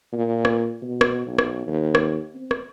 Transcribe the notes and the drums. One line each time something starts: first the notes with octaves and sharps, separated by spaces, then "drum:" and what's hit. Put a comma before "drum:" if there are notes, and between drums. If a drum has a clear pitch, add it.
A#2
drum: rim click
B2
drum: rim click
B1
drum: rim click
D#2
drum: rim click
C4
drum: rim click